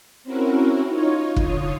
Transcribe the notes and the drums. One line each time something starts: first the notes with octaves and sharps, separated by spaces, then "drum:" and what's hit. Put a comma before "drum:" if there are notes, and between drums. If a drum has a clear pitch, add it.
C4 C#4 E4 F#4 A#4
D#4 F4 C#5
D3 F4 C#5 D#6, drum: kick